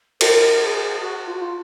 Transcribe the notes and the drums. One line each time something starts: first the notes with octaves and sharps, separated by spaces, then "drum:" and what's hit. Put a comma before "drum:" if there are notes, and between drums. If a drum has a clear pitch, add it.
A#4, drum: cymbal
G#4
F#4
F4
F#4
F4